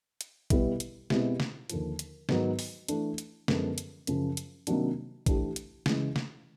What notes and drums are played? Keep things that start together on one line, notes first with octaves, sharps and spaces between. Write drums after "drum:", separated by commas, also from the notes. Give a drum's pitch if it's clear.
drum: hi-hat
B2 G3 B3 E4, drum: kick A1, hi-hat
drum: hi-hat
B2 G#3 C4 E4 G4, drum: snare
drum: snare
D#2 D3 F3, drum: hi-hat
drum: hi-hat
G#2 D#3 F#3 B3 D#4, drum: snare
drum: open hi-hat
E3 A3 D4, drum: hi-hat
drum: hi-hat
F#2 D3 F3 G#3 B3, drum: snare
drum: hi-hat
F#2 C#3 F3, drum: hi-hat
drum: hi-hat
C3 D#3 F#3 A#3 D4, drum: hi-hat
E3 A3 D4 G4, drum: kick A1, hi-hat
drum: hi-hat
C#3 E3 G#3, drum: snare
drum: snare